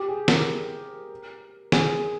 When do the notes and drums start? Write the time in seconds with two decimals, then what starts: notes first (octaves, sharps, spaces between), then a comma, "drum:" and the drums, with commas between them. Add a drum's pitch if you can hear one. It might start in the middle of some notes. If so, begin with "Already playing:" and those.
Already playing: G4
0.08 G#4
0.28 A#4, drum: snare
1.72 G#4, drum: snare